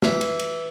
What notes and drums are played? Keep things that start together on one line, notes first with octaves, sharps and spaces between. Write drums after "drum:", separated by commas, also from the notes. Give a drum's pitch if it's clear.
E3, drum: snare
drum: cymbal
drum: cymbal